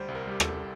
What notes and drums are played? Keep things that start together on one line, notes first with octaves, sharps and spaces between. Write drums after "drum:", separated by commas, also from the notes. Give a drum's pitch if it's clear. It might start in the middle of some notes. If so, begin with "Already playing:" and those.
Already playing: D2 G3 C5
C2
A#4
G3 G4
A4, drum: rim click
C2